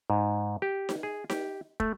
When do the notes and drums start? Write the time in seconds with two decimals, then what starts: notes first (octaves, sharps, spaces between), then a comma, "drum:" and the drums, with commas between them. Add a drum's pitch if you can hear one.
0.10 G#2
0.62 G4
0.89 drum: snare D#4
1.03 G#4
1.30 G4, drum: snare D#4
1.80 A3, drum: kick